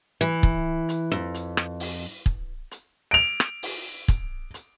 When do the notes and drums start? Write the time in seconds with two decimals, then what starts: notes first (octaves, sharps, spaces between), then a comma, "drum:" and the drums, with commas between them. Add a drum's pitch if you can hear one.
0.21 E3
0.43 drum: kick
0.89 drum: hi-hat
1.12 F2
1.34 drum: hi-hat
1.57 drum: rim click
1.80 drum: open hi-hat
2.26 drum: kick
2.71 drum: hi-hat
3.11 D7 F7
3.40 drum: rim click
3.63 drum: open hi-hat
4.08 drum: kick, hi-hat
4.54 drum: hi-hat